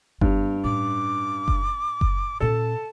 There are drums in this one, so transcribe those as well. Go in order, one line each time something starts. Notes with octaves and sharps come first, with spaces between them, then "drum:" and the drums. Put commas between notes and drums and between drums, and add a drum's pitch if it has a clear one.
G2 B3, drum: kick F#1
A2 C#4 D6
drum: kick F#1
drum: kick F#1
A#2 C#4 A4 A5